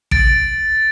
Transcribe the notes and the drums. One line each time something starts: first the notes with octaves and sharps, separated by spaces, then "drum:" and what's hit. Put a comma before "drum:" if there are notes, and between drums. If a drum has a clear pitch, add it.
A6 D7, drum: kick A1